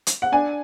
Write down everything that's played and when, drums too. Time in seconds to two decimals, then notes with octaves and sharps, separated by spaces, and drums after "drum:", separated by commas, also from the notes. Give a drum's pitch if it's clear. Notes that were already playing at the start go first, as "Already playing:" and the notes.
0.07 drum: hi-hat
0.22 F#5
0.32 D4 G#5